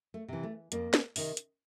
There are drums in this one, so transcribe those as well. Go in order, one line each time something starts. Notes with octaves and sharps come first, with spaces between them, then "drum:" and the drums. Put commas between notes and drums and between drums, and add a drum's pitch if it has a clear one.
A3
C3 E3
A3
F2 A#3, drum: hi-hat
drum: snare
C3 D#3, drum: open hi-hat
drum: hi-hat